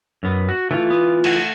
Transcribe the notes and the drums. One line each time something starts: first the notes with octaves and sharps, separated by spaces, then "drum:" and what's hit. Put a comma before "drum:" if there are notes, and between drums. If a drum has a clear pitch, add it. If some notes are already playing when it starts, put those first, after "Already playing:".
F#2 B3
F#4
E3 A3 F4
B3
A3 F#5, drum: cymbal